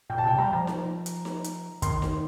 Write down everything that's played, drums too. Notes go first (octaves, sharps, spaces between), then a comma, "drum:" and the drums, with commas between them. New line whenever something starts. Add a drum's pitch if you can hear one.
A#2 G5
A5
C3 G5
G3 A#5
F3
drum: snare D#4
drum: hi-hat
drum: snare D#4
drum: hi-hat
D#3 C6, drum: kick, hi-hat
drum: snare D#4